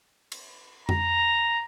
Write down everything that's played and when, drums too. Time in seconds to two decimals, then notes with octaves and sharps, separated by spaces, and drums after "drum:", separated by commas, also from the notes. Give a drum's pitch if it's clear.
0.32 drum: cymbal
0.89 A#5, drum: tom F2